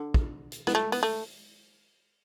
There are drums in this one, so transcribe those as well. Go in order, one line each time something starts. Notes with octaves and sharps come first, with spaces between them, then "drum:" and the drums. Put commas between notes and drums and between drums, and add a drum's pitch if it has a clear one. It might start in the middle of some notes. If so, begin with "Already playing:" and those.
Already playing: D3
drum: kick
drum: hi-hat
B3, drum: snare
A3
B3, drum: open hi-hat
A3